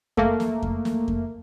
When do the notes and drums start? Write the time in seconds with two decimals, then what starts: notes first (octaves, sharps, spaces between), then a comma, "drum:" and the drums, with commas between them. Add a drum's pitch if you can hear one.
0.17 A3 A#3, drum: kick F2
0.40 drum: snare
0.63 drum: kick F2
0.85 drum: snare
1.08 drum: kick F2